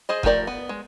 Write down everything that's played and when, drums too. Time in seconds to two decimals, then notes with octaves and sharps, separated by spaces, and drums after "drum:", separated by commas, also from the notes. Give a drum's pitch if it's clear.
0.09 G#4 C5 D#5
0.23 F3 A3 G4 A#4 D5, drum: kick F1
0.47 B3
0.69 G#3